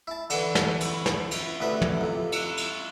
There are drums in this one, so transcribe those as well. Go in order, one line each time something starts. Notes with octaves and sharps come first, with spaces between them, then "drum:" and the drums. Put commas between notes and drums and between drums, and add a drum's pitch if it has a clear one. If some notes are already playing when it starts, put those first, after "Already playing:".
E4 A5
D3 E3, drum: cymbal
drum: snare
drum: cymbal
drum: snare
drum: cymbal
D2 C3 E4 B4 E5
drum: tom
F2 C3
drum: cymbal
drum: cymbal